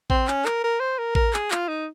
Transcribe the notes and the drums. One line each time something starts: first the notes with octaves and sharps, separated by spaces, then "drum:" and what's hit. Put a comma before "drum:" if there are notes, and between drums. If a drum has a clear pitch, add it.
C4, drum: kick A1
C#4, drum: clap
A#4, drum: clap
A#4
C5
A#4
A#4, drum: kick A1
G#4, drum: clap
F4, drum: clap
D#4